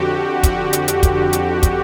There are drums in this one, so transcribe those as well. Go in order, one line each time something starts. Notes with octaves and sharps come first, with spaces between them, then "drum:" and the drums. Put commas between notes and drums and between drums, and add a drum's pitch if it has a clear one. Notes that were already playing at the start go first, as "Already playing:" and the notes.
Already playing: F2 D3 F#4 G4
F#4, drum: kick, hi-hat
drum: hi-hat
drum: hi-hat
drum: kick, hi-hat
drum: hi-hat
drum: kick, hi-hat